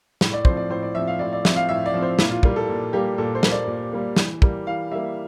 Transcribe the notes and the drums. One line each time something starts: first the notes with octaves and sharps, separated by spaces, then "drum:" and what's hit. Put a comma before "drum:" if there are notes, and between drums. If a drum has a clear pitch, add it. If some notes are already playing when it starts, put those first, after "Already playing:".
A2, drum: snare
D5
F3 C4 C5, drum: kick
D5
A2 C5
D5
F3 C4 E5
F5
A2 D5
D5
F3 C4 E5, drum: snare
F5
A2 E5
D5
F3 C4
C5
A#2 E4, drum: snare
F4
G3 A#3 F4, drum: kick
A4
A#2
G3 A#3 G4
A#2 A4
C5
G3 A#3, drum: snare
D5
A#2
G3 A#3
E3, drum: snare
G3 A#3, drum: kick
E3 F5
G3 A#3 E5